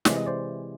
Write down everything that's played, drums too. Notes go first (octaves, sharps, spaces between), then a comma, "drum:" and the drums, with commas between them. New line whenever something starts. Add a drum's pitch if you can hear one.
C3 E3 G#3 D5, drum: snare
D#5
C5 D5